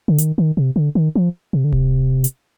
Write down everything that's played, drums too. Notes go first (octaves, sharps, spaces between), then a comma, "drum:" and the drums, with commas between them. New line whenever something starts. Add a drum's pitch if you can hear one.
D3
D#3, drum: hi-hat
D#3
C3
D3
D#3
F3
C3
D3
C3, drum: kick D1
drum: hi-hat